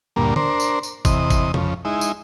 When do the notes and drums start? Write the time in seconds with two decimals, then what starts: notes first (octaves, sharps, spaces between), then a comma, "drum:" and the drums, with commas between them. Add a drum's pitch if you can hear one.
0.16 D2 G2 A#2 A#3
0.36 D4 A#4 C5, drum: tom D3
0.60 drum: tambourine
0.83 drum: tambourine
1.05 E2 C3 D#5, drum: kick G1, tambourine
1.30 drum: kick G1, tambourine
1.54 F2 C#3, drum: tom
1.85 G#3 D#4 E4
2.01 drum: tambourine